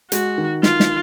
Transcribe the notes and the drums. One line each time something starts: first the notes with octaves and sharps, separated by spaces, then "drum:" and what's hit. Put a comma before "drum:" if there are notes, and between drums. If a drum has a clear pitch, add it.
G#3 F#4, drum: hi-hat
D#3
D#3 F4, drum: snare
drum: snare